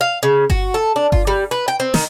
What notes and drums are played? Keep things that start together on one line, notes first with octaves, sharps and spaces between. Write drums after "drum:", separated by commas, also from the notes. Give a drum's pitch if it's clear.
F5
C#3
F#4, drum: kick G1
A4
D4
F4, drum: kick G1
G3
B4
G5
C4
D#3, drum: snare